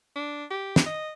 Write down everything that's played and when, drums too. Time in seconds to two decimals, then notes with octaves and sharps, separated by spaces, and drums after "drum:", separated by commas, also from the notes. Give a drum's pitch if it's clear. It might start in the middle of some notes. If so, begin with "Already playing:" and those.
0.16 D4
0.50 G4
0.76 drum: snare
0.86 D#5